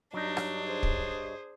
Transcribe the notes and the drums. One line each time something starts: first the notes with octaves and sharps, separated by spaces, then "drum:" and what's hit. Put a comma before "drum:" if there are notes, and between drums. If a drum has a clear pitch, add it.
G2 F#3 D4 D#4 C#5 D#5
drum: rim click
G#4 C5
drum: kick